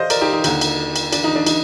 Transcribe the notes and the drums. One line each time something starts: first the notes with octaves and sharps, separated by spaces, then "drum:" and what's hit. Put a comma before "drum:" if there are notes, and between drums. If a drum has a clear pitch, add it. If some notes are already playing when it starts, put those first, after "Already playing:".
Already playing: C5 D5 D#5 F5
A#4 D5, drum: cymbal
D#4 G4
D#4
D#2 D3 D#4, drum: cymbal
drum: cymbal
drum: cymbal
D4, drum: cymbal
D#4
D4
D#4, drum: cymbal